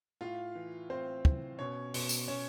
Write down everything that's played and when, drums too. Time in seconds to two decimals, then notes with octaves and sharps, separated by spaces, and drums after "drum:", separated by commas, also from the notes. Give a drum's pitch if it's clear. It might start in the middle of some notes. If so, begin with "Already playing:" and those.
0.21 A2 F4 F5
0.55 E3
0.90 A2 C4 C5
1.25 E3, drum: kick
1.59 B2 C#4 C#5
1.94 B2, drum: open hi-hat
2.09 drum: tambourine
2.28 B2 C#4 C#5